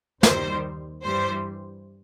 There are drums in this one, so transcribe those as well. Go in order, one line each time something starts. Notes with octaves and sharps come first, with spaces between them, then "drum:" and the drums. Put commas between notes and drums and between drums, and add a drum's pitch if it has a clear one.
D#2 D#3 G3 C5, drum: snare
G2 E3 G3 C5